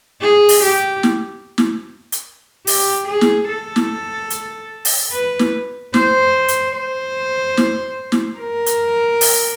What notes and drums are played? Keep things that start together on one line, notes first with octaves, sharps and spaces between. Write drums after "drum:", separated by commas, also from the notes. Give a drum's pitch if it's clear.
G#4
drum: open hi-hat
G4
drum: snare
drum: snare
drum: hi-hat
G4, drum: open hi-hat
G#4
drum: snare
A4
drum: snare
drum: hi-hat
drum: open hi-hat
B4
drum: snare
C5, drum: snare
drum: hi-hat
C5
drum: snare
drum: snare
A#4
drum: hi-hat
drum: open hi-hat